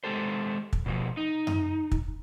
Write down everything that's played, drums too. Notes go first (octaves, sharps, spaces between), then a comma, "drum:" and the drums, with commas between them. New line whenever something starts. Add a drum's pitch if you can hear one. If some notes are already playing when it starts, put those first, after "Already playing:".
G#3 G4 A4 C5
drum: kick
B2 F3
D#4
drum: tom F#2
drum: kick